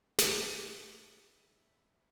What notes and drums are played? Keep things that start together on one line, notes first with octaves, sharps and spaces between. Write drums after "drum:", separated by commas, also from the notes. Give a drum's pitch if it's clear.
E5 B5, drum: snare